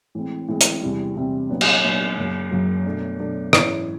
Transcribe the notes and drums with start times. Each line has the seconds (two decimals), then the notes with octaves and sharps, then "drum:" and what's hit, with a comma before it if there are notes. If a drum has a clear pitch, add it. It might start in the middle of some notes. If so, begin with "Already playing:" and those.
0.15 A2 E3 G#3 C4
0.48 A2 E3 G#3 C4
0.61 drum: hi-hat
0.82 E2 C3 E3 G3 C4
1.16 E2 C3 E3 G3 C4
1.49 A#2 F#3 B3 D4
1.61 drum: cymbal
1.84 A#2 F#3 B3 D4
2.17 F#2 C#3 F#3 A#3
2.51 F#2 C#3 F#3 A#3
2.85 B2 F#3 A3 D4
3.19 B2 F#3 A3 D4
3.53 G#2 E3 G#3 C#4 E4, drum: rim click